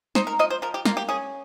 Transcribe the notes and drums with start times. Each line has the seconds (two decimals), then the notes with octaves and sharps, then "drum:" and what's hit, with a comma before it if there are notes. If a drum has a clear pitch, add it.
0.15 D#4 C5, drum: snare
0.27 A#4
0.39 F3 D#5
0.50 C5
0.62 F3 A#4
0.74 G4
0.85 A#3 F4, drum: snare
0.97 G4
1.09 C#4 G#4